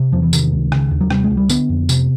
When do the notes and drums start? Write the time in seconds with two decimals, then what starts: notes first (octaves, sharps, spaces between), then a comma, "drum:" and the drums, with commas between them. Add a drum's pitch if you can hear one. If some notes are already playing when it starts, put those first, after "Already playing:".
Already playing: C3
0.12 E2 F3
0.22 E3
0.33 C3 D#3, drum: tambourine
0.53 C#2
0.72 C#3, drum: rim click
0.91 D#2
1.00 F#3
1.10 C3 G3, drum: rim click
1.24 G#3
1.31 C#2
1.37 G3
1.49 D3 B3, drum: tambourine
1.70 F2
1.89 C3, drum: tambourine